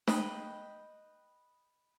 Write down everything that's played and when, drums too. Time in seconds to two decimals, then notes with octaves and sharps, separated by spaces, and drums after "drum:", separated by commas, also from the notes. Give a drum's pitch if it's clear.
0.07 B4 D#5 G5, drum: snare